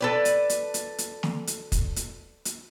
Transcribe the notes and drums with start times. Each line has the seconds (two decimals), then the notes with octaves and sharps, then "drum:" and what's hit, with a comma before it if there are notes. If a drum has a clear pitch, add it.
0.01 A4 B4 D5
0.25 drum: hi-hat
0.50 drum: hi-hat
0.74 drum: hi-hat
0.98 drum: hi-hat
1.23 drum: snare
1.47 drum: hi-hat
1.72 drum: kick, hi-hat
1.96 drum: hi-hat
2.45 drum: hi-hat